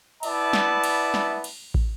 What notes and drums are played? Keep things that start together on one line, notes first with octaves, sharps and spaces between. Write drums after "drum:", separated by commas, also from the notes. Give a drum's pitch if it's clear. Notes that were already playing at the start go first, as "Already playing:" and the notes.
B3 E4 D5 E5 A5, drum: cymbal
drum: snare
drum: cymbal
drum: snare
drum: cymbal
drum: kick